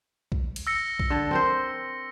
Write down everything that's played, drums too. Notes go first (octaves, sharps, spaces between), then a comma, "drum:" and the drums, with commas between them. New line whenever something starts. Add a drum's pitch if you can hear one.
drum: kick
drum: cymbal
E6 A#6 C#7
drum: kick
D3 A4
C4 A#4 C5